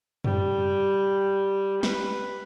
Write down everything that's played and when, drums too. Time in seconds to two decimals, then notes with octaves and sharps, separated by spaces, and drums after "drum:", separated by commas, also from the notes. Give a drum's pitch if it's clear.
0.24 G3, drum: tom F#2
1.83 B4, drum: snare